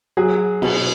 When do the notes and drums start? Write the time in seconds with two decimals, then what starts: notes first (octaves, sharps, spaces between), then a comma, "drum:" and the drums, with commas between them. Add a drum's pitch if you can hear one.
0.17 F#3 G#4
0.62 B2, drum: cymbal